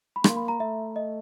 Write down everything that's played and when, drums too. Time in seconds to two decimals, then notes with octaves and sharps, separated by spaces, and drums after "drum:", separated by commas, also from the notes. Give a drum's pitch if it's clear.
0.16 B5
0.24 A#3 C6, drum: rim click
0.36 B5
0.48 A#5
0.60 A3 E5
0.96 D#5